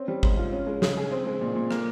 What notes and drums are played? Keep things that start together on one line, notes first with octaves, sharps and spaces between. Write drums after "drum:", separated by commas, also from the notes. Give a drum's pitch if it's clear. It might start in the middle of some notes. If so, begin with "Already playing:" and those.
Already playing: C4 C#4
G3
G#2, drum: kick G#1
F4
C#4
G#3
C#3, drum: snare
G#4
C4
G#3
A#2
A#2
A#3, drum: rim click